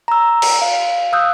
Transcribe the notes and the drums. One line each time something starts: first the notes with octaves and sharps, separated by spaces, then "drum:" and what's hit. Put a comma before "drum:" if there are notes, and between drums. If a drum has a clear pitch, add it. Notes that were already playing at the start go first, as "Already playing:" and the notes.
A#5 E6
drum: cymbal
F5
F5 D#6 E6 F#6 G6